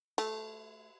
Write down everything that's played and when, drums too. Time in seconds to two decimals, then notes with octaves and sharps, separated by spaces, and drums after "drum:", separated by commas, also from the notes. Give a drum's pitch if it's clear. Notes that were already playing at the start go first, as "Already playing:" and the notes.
0.18 A3, drum: cymbal